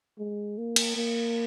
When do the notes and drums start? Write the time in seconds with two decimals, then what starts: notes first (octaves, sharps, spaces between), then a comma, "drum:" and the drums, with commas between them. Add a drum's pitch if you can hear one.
0.18 G#3
0.58 A#3
0.76 drum: cymbal
0.96 A#3